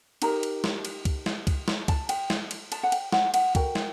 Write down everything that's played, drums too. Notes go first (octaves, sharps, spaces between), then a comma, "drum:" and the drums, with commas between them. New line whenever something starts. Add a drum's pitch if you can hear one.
D#4 G4 A#4 A#5, drum: cymbal
drum: cymbal
drum: snare
drum: cymbal
drum: kick C#2, cymbal
drum: snare
drum: kick C#2, cymbal
drum: snare
A5, drum: kick C#2, cymbal
G5, drum: cymbal
drum: snare
drum: cymbal
A5, drum: cymbal
F#5
G5, drum: cymbal
F#5, drum: snare
F#5, drum: cymbal
F#4 A#4 G5, drum: kick C#2, cymbal
drum: snare